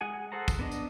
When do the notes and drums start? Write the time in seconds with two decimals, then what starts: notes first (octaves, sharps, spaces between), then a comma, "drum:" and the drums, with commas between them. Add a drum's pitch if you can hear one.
0.01 G#3 G#4 F#5 G#5
0.32 G#4 A4 C5 F#5 A#5
0.48 drum: kick, tambourine
0.59 B3 D4 D#5
0.71 drum: tambourine